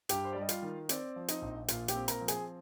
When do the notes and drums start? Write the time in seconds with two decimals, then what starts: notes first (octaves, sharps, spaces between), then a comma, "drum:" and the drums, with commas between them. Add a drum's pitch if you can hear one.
0.09 G2 G4 G5, drum: hi-hat
0.25 C5
0.33 D5
0.36 G3
0.41 D#5
0.49 F4 F5, drum: hi-hat
0.62 D#3
0.89 C4 D5, drum: hi-hat
1.16 F3
1.28 D#4 D#5, drum: hi-hat
1.42 A#1
1.68 A#2 F4 F5, drum: hi-hat
1.88 G4 G5, drum: hi-hat
1.95 C4
2.08 A#4 A#5, drum: hi-hat
2.21 F3
2.28 G#4 G#5, drum: hi-hat